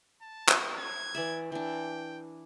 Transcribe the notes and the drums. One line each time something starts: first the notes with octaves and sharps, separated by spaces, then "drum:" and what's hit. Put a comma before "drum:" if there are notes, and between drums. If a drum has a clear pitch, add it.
A5
drum: clap
G#6
E3 D5 E5
E3 D4 G5